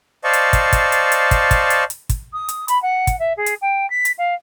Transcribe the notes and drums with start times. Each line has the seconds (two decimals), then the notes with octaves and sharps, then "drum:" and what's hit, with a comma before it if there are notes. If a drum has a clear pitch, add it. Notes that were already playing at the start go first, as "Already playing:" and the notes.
0.24 C5 D5 D#5 F5 A5 C#6
0.33 drum: hi-hat
0.53 drum: kick, hi-hat
0.73 drum: kick, hi-hat
0.92 drum: hi-hat
1.12 drum: hi-hat
1.31 drum: kick, hi-hat
1.51 drum: kick, hi-hat
1.70 drum: hi-hat
1.90 drum: hi-hat
2.09 drum: kick, hi-hat
2.33 D#6
2.49 drum: hi-hat
2.68 B5, drum: hi-hat
2.82 F#5
3.07 drum: kick, hi-hat
3.19 E5
3.37 G#4
3.46 drum: hi-hat
3.61 G5
3.90 B6
4.05 drum: hi-hat
4.18 F5